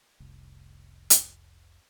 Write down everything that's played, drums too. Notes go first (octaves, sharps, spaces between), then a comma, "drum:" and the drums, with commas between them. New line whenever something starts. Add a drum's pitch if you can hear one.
F1 C2
drum: hi-hat